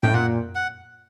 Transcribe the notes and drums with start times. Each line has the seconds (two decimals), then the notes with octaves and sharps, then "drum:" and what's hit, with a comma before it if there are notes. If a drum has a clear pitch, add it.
0.03 A2 G5, drum: tom F#2
0.14 A#2 F#5
0.55 F#5